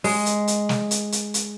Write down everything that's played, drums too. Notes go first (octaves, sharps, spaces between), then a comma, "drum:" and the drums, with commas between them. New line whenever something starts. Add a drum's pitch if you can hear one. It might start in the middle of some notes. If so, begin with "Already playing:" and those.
G#3, drum: open hi-hat
drum: hi-hat
drum: hi-hat
drum: snare
drum: hi-hat
drum: hi-hat
drum: hi-hat